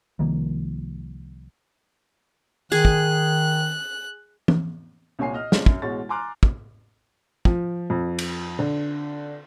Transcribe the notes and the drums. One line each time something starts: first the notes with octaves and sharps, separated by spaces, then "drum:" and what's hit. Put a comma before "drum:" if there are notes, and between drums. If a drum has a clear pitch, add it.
C2 D#3 F3 A#3
D#3 G#4 F#6, drum: tambourine
drum: kick
drum: tom E3
C2 A#2 C#5 G#5 C7
D#5 F6
F3 G#3 C4 C#4 D#4, drum: snare
F#2, drum: kick
A1 B2 G#3 F#4 C#5 A6
G#5 A#5 C6 D6 F6 F#6
drum: kick
F3, drum: kick
F2
drum: cymbal
D3